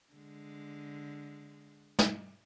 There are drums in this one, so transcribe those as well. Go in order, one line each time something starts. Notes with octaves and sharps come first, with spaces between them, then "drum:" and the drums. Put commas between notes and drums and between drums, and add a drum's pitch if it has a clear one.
D3 G#3
drum: snare